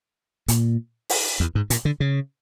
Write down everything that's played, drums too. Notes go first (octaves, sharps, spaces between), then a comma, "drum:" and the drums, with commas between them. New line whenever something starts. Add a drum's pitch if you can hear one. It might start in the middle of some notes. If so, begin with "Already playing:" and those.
A#2, drum: hi-hat
drum: open hi-hat
E2
G#2
A#2, drum: hi-hat
D3
C#3